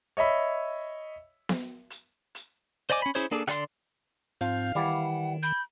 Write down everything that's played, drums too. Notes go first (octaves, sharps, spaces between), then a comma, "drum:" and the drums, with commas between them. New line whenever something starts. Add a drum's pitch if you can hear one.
C#5 D#5 E5 B5 E6
drum: snare B3
drum: hi-hat
drum: hi-hat
C5 D5 D#5 G#5 D6
C#4 B5
C#4 E4 G#4 C5 C#5, drum: hi-hat
A#3 D4 G#4 A4
D3 D5 C6, drum: rim click
G#2 F3 C4 F5 G6
D#3 E3 G3 D5 F#5
B5 G6